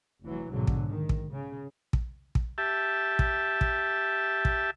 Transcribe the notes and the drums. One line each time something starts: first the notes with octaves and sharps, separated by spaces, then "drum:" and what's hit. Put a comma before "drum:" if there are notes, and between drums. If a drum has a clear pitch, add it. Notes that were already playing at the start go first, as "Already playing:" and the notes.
F1 E3 F#3
B1 G#2 D3 F#3
drum: kick
D#3
drum: kick
C#3
drum: kick
drum: kick
G4 E5 A5
drum: kick
drum: kick
drum: kick